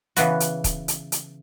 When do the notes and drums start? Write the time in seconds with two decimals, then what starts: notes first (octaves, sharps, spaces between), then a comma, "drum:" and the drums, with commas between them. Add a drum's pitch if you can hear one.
0.17 C#3 E3 B3 F#4, drum: hi-hat
0.40 drum: hi-hat
0.64 drum: kick, hi-hat
0.88 drum: hi-hat
1.12 drum: hi-hat